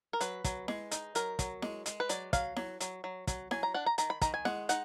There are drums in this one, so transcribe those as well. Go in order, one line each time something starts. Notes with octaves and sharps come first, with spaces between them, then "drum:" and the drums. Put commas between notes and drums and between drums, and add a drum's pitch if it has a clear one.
A#4
F#3 B4, drum: hi-hat
F#3, drum: kick, hi-hat
G#3, drum: snare E4
D#4, drum: hi-hat
F#3 A#4, drum: hi-hat
F#3, drum: kick, hi-hat
G#3, drum: snare E4
G#3, drum: hi-hat
B4
F#3 D5, drum: hi-hat
F#3 F5, drum: kick, hi-hat
F#3, drum: snare E4
F#3, drum: hi-hat
F#3
F#3, drum: kick, hi-hat
F#3 G#5, drum: snare E4
A#5
D4 F#5
A#5
D#3 A#5, drum: hi-hat
B5
D#3 A#5, drum: kick, hi-hat
G#5
G#3 F#5, drum: snare E4
D#4 F#5, drum: hi-hat